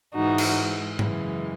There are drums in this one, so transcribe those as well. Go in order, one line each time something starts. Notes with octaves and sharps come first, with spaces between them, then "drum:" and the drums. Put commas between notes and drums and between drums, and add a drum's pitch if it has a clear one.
G#2 E3 G#3 D#4 F#4
drum: cymbal
F#2 C#3 E3 G#3, drum: tom G#2